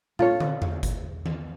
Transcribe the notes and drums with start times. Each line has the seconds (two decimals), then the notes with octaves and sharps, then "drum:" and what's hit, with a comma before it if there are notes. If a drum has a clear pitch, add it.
0.19 F4 A4 C#5, drum: tom
0.40 drum: tom
0.62 drum: tom E2
0.83 drum: kick F#1, hi-hat
1.26 drum: tom D#3